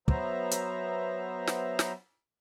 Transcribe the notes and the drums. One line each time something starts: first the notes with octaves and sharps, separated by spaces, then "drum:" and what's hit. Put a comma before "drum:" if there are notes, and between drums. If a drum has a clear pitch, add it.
F#3 B3 C5 E5 A#5, drum: kick
drum: hi-hat
drum: snare
drum: snare